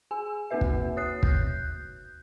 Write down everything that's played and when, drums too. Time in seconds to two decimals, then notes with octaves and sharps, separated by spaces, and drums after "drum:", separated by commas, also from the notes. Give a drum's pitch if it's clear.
0.11 G#4 G#5 E6
0.51 A#3 C4 D#4 F#4 B4 E5
0.61 drum: kick
0.97 C#5 D#6 F#6 C7
1.23 F#6 G6, drum: kick